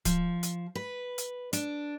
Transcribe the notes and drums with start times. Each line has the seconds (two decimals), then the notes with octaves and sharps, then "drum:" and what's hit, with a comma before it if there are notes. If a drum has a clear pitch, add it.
0.05 F3, drum: kick D1, hi-hat
0.43 drum: hi-hat
0.75 B4
1.18 drum: hi-hat
1.53 D4, drum: hi-hat